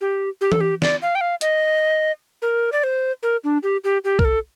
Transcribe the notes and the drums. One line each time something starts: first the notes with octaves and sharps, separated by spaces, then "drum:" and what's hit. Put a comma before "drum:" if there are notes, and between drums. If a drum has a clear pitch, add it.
G4
G4
A4, drum: tom E3
G4
D5, drum: snare
F5
G5
F5
D#5, drum: hi-hat
A#4
D5
C5
A#4
D4
G4
G4
G4
A#4, drum: kick
A4